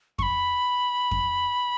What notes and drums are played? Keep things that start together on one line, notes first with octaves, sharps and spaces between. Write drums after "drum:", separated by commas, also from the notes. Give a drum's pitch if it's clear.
C#6, drum: kick F2
B5
drum: kick F2